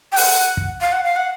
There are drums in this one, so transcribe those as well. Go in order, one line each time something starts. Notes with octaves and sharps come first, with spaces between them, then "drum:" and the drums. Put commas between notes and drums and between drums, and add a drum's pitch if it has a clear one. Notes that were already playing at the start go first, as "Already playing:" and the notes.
G5
F#5, drum: open hi-hat
drum: kick
F5
F#5
F5
F#5